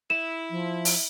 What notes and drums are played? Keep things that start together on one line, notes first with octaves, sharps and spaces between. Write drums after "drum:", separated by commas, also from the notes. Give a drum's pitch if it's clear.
E4 E7
F3
drum: open hi-hat